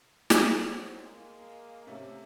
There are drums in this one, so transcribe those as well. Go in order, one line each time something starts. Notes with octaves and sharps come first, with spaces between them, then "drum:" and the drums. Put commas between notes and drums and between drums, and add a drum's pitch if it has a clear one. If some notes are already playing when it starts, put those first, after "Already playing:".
drum: snare
F#3 C4
G#3 A#3
C3 A3 C#4